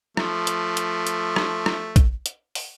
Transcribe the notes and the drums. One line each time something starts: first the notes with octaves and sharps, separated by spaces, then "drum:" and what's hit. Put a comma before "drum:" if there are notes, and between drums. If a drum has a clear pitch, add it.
F3 A3, drum: rim click
drum: hi-hat
drum: hi-hat
drum: hi-hat
drum: rim click
drum: rim click
drum: kick A#1, hi-hat
drum: hi-hat
drum: open hi-hat